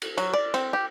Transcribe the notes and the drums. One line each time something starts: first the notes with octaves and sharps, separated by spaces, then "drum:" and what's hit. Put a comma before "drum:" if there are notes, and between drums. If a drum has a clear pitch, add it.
drum: cymbal
F#3, drum: cymbal
D5
C4, drum: cymbal
G4